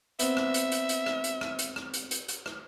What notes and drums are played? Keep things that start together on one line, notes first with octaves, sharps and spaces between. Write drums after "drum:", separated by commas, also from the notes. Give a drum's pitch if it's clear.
B3 C4 E5, drum: hi-hat
drum: rim click
drum: hi-hat
drum: hi-hat
drum: hi-hat
drum: rim click
drum: hi-hat
drum: rim click
drum: hi-hat
drum: rim click
drum: hi-hat
drum: hi-hat
drum: hi-hat
drum: rim click